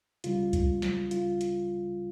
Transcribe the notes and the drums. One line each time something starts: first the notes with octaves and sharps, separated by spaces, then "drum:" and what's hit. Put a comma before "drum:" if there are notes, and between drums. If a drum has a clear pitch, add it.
C#2 C#3 G3 F4, drum: hi-hat
drum: kick C2, hi-hat
drum: snare
C#2 C#3 G3 F4, drum: hi-hat
drum: hi-hat